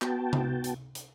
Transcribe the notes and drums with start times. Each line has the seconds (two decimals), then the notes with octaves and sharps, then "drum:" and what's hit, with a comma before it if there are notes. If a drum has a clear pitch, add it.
0.02 B3 F#4 G5 A5, drum: clap
0.33 drum: tom C3
0.64 drum: hi-hat
0.95 drum: hi-hat